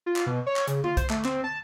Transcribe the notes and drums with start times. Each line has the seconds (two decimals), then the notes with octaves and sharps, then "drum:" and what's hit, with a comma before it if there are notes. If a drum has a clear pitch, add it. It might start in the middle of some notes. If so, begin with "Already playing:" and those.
0.06 F4
0.16 drum: clap
0.26 B2
0.46 C#5
0.56 drum: clap
0.67 C#3, drum: hi-hat
0.84 F4, drum: tom D3
0.97 C5, drum: kick B1, hi-hat
1.10 A3, drum: clap
1.25 C4, drum: clap
1.44 A5